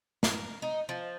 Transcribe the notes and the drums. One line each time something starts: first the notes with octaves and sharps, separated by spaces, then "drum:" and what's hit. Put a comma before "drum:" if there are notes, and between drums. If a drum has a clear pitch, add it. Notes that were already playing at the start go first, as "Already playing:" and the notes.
A#4, drum: snare
D#4
F3